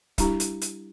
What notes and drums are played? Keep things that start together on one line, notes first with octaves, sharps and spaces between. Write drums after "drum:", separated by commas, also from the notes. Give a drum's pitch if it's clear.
G3 D4 E4 G4 A#5, drum: kick, hi-hat
drum: hi-hat
drum: hi-hat